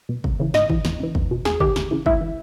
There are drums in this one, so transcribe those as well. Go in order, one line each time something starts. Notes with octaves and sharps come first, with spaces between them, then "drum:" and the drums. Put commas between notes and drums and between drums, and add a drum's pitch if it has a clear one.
B2
C#2, drum: kick
C#3 E3
G#2 D#5, drum: snare
E3, drum: kick
E2, drum: snare
C#3 E3
E2, drum: kick
B2
E2 G#4, drum: snare
D#3 G4, drum: kick
D#2, drum: snare
C#3 E3
G#2 E4, drum: kick
E3